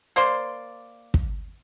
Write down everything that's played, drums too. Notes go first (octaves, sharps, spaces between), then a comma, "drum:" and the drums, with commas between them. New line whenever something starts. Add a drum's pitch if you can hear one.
A#3 C5 D5 C6
drum: kick